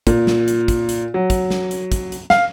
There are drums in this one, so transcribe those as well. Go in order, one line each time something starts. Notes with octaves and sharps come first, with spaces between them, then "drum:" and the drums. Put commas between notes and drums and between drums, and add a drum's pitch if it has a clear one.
A#2, drum: kick, hi-hat
drum: snare
drum: hi-hat
drum: kick, hi-hat
drum: hi-hat
F#3
drum: kick, hi-hat
drum: snare
drum: hi-hat
drum: kick, hi-hat
drum: hi-hat
F5, drum: snare